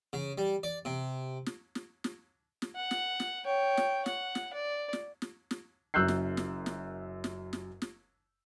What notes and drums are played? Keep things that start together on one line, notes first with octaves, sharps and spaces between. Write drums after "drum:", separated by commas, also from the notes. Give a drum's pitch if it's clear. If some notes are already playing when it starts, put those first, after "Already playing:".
C#3
G3
D5
C3
drum: snare
drum: snare
drum: snare
drum: snare
F#5
drum: snare
drum: snare
C#5 G5
drum: snare
F#5, drum: snare
drum: snare
D5
drum: snare
drum: snare
drum: snare
F#1 F#2 E6 F#6 G6 C7
drum: snare
drum: snare
drum: snare
drum: snare
drum: snare
drum: snare